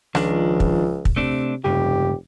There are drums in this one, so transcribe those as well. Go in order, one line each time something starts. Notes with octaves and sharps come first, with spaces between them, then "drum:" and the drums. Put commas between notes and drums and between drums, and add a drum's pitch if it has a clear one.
C#2 D#3 F3 D4, drum: rim click
drum: kick
drum: kick
C3 A3 C4 D4
F1 C#2 G2 C#3 G4